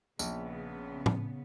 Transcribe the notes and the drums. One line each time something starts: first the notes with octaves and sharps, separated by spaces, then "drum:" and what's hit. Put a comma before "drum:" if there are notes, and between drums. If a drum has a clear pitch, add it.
A#1 C#3 B3, drum: tambourine
drum: tom A2